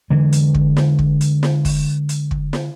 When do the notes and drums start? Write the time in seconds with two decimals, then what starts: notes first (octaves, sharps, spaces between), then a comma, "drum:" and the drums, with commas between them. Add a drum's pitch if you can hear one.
0.10 D3 E3 G#3
0.32 drum: hi-hat
0.55 drum: kick
0.77 drum: snare
0.99 drum: kick
1.21 drum: hi-hat
1.43 drum: snare
1.65 drum: kick, open hi-hat
2.09 drum: hi-hat
2.31 drum: kick
2.53 drum: snare